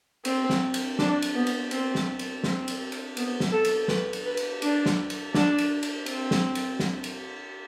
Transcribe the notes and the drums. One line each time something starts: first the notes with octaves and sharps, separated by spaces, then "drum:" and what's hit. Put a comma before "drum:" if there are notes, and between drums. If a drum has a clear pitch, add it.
C4, drum: cymbal
drum: snare
drum: cymbal
D4, drum: snare
drum: cymbal
B3
drum: cymbal
C4, drum: cymbal
drum: snare
drum: cymbal
C4, drum: snare
drum: cymbal
drum: cymbal
B3, drum: cymbal
drum: snare
A4
drum: cymbal
B4, drum: snare
drum: cymbal
B4
drum: cymbal
D4, drum: cymbal
drum: snare
drum: cymbal
D4, drum: snare
drum: cymbal
drum: cymbal
C4, drum: cymbal
drum: snare
drum: cymbal
drum: snare
drum: cymbal